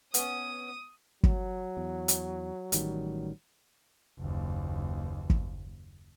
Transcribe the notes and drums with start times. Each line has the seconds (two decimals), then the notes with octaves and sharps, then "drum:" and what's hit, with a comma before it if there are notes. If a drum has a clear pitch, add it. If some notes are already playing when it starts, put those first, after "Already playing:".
0.14 B3 C#4 D#6, drum: hi-hat
1.23 F#3, drum: kick
1.77 E2
2.08 drum: hi-hat
2.72 A1 D#3 G3, drum: hi-hat
4.20 F#1 D#2
5.30 drum: kick